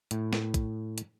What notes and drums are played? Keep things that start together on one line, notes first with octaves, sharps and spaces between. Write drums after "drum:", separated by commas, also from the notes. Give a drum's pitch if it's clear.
A2, drum: hi-hat
drum: snare
drum: kick, hi-hat
drum: hi-hat